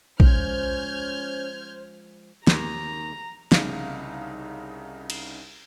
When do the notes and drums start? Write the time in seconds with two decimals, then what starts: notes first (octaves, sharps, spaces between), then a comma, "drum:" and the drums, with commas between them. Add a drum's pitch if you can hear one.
0.20 F3 G#3 C#4 C5 F6 G6 G#6, drum: kick
2.47 D#2 A#5, drum: snare
3.52 C2 C#3 D#4 F5, drum: snare
5.10 drum: cymbal